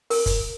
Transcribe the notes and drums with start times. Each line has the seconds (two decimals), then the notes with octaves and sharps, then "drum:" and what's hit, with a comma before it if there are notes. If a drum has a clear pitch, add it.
0.10 A#4, drum: open hi-hat
0.26 drum: kick, hi-hat